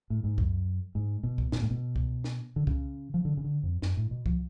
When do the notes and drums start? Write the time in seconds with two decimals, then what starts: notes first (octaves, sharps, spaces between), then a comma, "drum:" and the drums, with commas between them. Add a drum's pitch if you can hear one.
0.10 A2
0.24 G#2
0.38 F#2, drum: kick C2
0.95 G#2
1.23 B2
1.38 drum: kick C2
1.52 B2, drum: snare
1.62 A2
1.71 B2
1.96 drum: kick C2
2.24 drum: snare
2.56 D3
2.67 C#3, drum: kick C2
3.14 F3
3.25 D3
3.37 C#3
3.44 D3
3.63 F2
3.82 F#2, drum: snare
3.97 A2
4.11 B2
4.26 F3, drum: kick C2